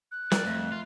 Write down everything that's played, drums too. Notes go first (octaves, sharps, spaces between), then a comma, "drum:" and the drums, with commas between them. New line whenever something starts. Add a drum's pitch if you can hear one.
F#6
A#4 D5, drum: snare
F2 A3
F4